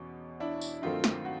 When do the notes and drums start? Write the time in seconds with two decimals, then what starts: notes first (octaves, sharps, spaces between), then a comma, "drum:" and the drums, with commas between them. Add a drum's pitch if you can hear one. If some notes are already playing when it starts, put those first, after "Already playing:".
Already playing: E2 B2 C#4
0.40 D4 E4
0.61 drum: tambourine
0.82 G2 D#3 F#3 A3 C4 D#4 F4
1.04 drum: snare
1.25 F#4